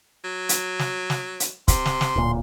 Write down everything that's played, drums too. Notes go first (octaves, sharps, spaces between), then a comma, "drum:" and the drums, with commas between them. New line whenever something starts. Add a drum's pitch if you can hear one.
F#3
drum: hi-hat
drum: snare
drum: snare
drum: hi-hat
C3 C6, drum: kick, hi-hat
drum: snare
drum: snare
D1 A#2